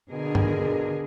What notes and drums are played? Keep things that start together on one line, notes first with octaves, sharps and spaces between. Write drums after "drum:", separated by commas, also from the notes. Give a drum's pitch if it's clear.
B2 D3 G#4 A#4
drum: tom G2